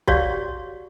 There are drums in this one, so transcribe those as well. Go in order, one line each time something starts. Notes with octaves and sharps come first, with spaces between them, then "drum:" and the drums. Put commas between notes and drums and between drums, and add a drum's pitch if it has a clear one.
F#4 G4 C#5 D5 F5, drum: kick